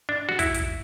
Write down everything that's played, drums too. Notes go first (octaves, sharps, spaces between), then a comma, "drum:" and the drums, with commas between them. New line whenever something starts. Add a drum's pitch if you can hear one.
D4
F#4
E4, drum: kick, hi-hat
drum: kick, hi-hat